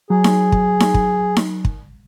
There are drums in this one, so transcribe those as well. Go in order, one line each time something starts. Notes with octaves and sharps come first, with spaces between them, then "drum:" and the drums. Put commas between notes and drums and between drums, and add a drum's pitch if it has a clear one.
F#3 G#4
drum: snare D#4
drum: kick
drum: snare D#4
drum: kick
drum: snare D#4
drum: kick